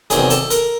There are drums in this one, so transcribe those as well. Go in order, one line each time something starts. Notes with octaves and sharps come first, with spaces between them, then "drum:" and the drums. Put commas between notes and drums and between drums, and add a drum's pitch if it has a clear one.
E2 C3 D#3 F#3 G#4, drum: hi-hat
A4, drum: hi-hat
A#4, drum: hi-hat